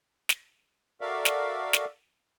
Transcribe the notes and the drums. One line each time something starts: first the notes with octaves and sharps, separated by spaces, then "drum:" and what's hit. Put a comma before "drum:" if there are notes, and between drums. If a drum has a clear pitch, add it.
drum: snare
F#4 A4 A#4 D5 E5 F5
drum: snare
drum: snare